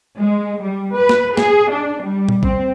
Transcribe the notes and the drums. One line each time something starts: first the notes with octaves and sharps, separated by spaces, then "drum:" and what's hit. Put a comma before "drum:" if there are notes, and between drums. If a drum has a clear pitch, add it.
G#3
G3
B4
drum: snare
G#4, drum: snare
D4
G3
drum: tom A#2
C4, drum: kick A1